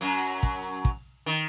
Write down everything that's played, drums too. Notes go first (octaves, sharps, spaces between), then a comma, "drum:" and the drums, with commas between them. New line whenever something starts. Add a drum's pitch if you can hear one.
F#2 F#3
drum: kick
drum: kick
D#3